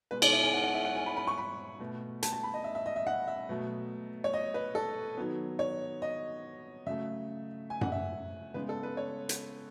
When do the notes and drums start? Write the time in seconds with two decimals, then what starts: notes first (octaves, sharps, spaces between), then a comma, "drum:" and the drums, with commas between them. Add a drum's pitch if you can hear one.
0.11 B2 G#3 B3 B4
0.22 C#5, drum: cymbal
0.33 E5
0.43 G#5
0.54 F#5
0.64 F#5
0.75 E5
0.85 F#5
0.95 G#5
1.06 B5
1.17 B5
1.27 C#6
1.38 B5
1.80 B2 A3
2.23 A5, drum: hi-hat
2.33 A5
2.43 B5
2.54 D#5
2.64 E5
2.75 E5
2.86 D#5
2.96 E5
3.07 F#5
3.27 E5
3.49 B2 F#3 A3
4.24 C#5
4.33 D#5
4.54 B4
4.75 A4
5.17 D#3 F#3 B3
5.59 C#5
6.02 D#5
6.86 C#3 F#3 A3 E5
7.70 G#5
7.81 F#5, drum: tom F#2
7.92 E5
8.54 C#3 G#3 B3 B4
8.69 A4
8.83 B4
8.97 C#5
9.29 drum: hi-hat